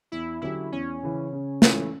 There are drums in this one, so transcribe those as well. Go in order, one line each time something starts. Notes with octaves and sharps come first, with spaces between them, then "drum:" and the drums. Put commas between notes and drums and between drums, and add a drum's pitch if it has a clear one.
E2 E4
D3 F#3 C#4 E4 G4
E2 C#4
C#3 E3
C#3
E3 A3, drum: snare